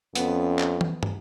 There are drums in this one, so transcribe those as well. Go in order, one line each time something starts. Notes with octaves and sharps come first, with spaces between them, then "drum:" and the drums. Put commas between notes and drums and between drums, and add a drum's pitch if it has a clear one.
F2 B3 C#4, drum: hi-hat
drum: clap
drum: tom
drum: tom